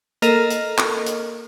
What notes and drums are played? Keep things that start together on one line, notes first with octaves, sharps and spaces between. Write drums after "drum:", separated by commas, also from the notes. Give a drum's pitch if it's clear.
A#3 A4 A#4 D#5, drum: hi-hat
drum: hi-hat
drum: clap
drum: hi-hat